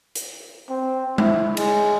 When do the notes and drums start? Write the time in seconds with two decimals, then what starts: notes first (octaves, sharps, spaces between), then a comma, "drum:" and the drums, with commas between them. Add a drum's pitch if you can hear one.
0.15 drum: hi-hat
0.70 C4
1.18 E4, drum: tom G#3
1.57 G#3, drum: cymbal